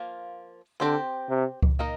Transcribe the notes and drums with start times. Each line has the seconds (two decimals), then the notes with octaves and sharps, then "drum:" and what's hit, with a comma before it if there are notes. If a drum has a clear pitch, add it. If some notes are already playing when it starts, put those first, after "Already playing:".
Already playing: F3 A#3 F4
0.80 D3 C4 G4 C5
1.29 C3
1.63 drum: kick C#2
1.79 A#3 D#4 A#4 D#5